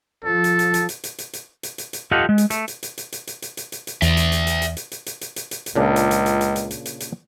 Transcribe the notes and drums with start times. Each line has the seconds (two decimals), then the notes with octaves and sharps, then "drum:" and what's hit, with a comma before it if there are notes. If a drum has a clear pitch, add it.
0.24 F3 A4
0.44 drum: hi-hat
0.59 drum: hi-hat
0.74 drum: hi-hat
0.89 drum: hi-hat
1.04 drum: hi-hat
1.18 drum: hi-hat
1.33 drum: hi-hat
1.63 drum: hi-hat
1.78 drum: hi-hat
1.93 drum: hi-hat
2.11 F4 G4 A4 D#5 F5 F#5
2.29 G#3
2.38 drum: hi-hat
2.50 A3, drum: hi-hat
2.68 drum: hi-hat
2.83 drum: hi-hat
2.98 drum: hi-hat
3.12 drum: hi-hat
3.27 drum: hi-hat
3.42 drum: hi-hat
3.57 drum: hi-hat
3.72 drum: hi-hat
3.87 drum: hi-hat
4.02 E2 D5 E5, drum: hi-hat
4.17 drum: hi-hat
4.32 drum: hi-hat
4.47 drum: hi-hat
4.62 drum: hi-hat
4.77 drum: hi-hat
4.92 drum: hi-hat
5.06 drum: hi-hat
5.21 drum: hi-hat
5.36 drum: hi-hat
5.51 drum: hi-hat
5.66 drum: hi-hat
5.76 C#2 A#2 C#3 D4
5.96 drum: hi-hat
6.11 drum: hi-hat
6.26 drum: hi-hat
6.41 drum: hi-hat
6.56 drum: hi-hat
6.71 drum: hi-hat
6.85 drum: hi-hat
7.00 drum: hi-hat